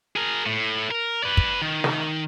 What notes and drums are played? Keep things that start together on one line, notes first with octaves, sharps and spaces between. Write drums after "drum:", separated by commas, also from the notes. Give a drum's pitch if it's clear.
G#4 A#4
A2
A#4
B4 D5
drum: kick
D#3
drum: snare